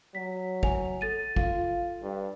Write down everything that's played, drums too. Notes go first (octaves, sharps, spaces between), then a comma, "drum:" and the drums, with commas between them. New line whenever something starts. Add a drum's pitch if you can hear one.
F#3 B6
G#5 F7, drum: kick
A4 A6 D#7
F4, drum: kick
G2